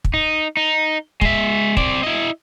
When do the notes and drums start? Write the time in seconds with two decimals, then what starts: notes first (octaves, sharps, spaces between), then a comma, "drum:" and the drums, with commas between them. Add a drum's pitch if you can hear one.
0.05 drum: kick
0.14 D#4
0.57 D#4
1.21 G#3 E5, drum: kick
1.77 C4 D5, drum: kick
2.03 E4 D#5